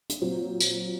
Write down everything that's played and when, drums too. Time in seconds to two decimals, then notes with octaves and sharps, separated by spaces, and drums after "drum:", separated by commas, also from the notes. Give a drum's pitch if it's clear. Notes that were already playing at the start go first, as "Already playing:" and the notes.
0.09 drum: hi-hat
0.21 A#2 F#3 C4
0.60 drum: tambourine